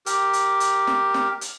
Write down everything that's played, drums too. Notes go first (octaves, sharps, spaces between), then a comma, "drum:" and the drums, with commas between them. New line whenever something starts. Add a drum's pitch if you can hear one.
G4 A#4, drum: hi-hat
drum: hi-hat
drum: hi-hat
drum: snare
drum: snare
drum: hi-hat